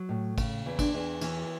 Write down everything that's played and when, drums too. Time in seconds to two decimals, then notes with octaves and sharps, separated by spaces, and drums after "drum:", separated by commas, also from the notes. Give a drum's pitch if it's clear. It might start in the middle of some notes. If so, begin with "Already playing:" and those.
Already playing: F#3
0.09 A2
0.38 C#3, drum: kick, cymbal
0.66 E2
0.79 D4, drum: kick, cymbal
0.94 E2
1.21 E3 C#4, drum: cymbal